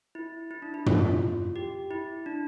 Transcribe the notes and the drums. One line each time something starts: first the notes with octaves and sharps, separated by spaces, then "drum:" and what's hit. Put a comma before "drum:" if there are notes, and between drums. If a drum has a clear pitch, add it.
E4
E4
D4
E4
F4, drum: tom
G4
E4
D4